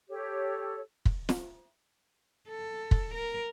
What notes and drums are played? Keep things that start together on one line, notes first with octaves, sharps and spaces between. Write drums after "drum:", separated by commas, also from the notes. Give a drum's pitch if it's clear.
G4 A4 C#5
drum: kick
drum: snare
A4
drum: kick
A#4